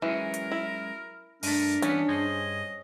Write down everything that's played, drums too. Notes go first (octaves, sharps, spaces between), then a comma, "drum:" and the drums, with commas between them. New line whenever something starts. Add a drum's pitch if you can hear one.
E3 F#3 G#3 C#4 A#4
drum: hi-hat
E4
G2 A3 D4 A#4, drum: open hi-hat
E3 G3 B3 C#4, drum: hi-hat
G2 G#4 C5 D#5